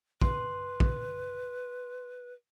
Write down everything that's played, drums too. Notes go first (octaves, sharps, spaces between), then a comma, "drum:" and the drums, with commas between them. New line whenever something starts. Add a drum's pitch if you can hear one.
B4 C6, drum: kick
drum: kick